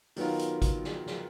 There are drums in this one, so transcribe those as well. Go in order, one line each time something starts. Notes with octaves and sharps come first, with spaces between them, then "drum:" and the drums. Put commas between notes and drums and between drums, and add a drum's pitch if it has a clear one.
D#3 F#3 B3 F4 A#4, drum: open hi-hat
drum: hi-hat
drum: kick G#1, hi-hat
drum: snare
drum: snare